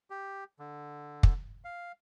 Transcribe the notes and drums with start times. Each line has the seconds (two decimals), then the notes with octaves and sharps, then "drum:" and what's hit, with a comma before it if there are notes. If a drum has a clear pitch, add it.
0.10 G4
0.59 D3
1.23 drum: kick
1.64 F5